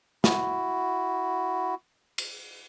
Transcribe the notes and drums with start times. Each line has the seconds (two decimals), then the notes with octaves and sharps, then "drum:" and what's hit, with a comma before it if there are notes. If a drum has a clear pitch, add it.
0.24 E4 F#4, drum: snare
2.18 drum: cymbal